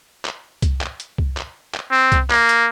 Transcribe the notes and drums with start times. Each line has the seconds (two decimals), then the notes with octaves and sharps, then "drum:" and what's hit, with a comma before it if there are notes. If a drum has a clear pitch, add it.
0.25 drum: clap
0.62 drum: kick C2, hi-hat
0.81 drum: clap
1.00 drum: hi-hat
1.18 drum: kick C2
1.37 drum: clap
1.74 drum: clap
1.91 C4
2.12 drum: kick C2, hi-hat
2.30 A#3, drum: clap
2.49 drum: hi-hat